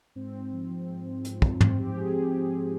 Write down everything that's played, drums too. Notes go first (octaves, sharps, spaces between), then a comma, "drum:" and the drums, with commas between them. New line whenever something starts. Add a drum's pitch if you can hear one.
G#2 C4
G#2
F3
F3
G#2
G#2
F3, drum: hi-hat
F3, drum: kick
G#2 C4, drum: tom
G#2 G4
F3 G#4
F3 G4
G#2 G#4
G#2